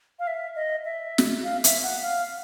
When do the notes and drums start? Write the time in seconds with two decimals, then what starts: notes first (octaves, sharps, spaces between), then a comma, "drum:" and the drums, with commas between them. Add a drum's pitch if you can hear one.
0.19 F5
0.27 E5
0.56 D#5
0.85 E5
1.18 drum: snare
1.44 F5
1.64 E5, drum: hi-hat
1.83 F#5
2.02 F5